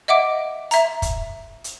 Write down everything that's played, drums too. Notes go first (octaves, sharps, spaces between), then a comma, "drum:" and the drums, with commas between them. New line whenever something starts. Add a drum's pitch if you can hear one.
D#5 E5 F#5 D6 D7
E5 A#5, drum: hi-hat
drum: kick, hi-hat
drum: hi-hat